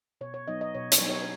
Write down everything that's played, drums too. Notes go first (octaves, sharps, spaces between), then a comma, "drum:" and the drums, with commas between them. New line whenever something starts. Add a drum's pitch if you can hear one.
B2 C#5
C#5
F#3 B3 D#4 D#5
D#5
B2 C#5
C#5, drum: hi-hat
F#3 B3 D#4
C#5